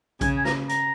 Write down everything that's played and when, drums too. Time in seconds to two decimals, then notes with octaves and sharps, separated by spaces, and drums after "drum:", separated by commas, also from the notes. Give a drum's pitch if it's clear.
0.21 C#3 G#5, drum: kick A#1, hi-hat
0.37 G#5
0.45 A#5, drum: snare
0.69 A#5, drum: hi-hat